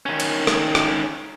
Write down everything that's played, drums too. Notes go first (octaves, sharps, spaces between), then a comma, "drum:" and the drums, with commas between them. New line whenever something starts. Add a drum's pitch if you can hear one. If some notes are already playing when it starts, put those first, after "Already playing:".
D#3 C#4
drum: cymbal
drum: rim click
drum: rim click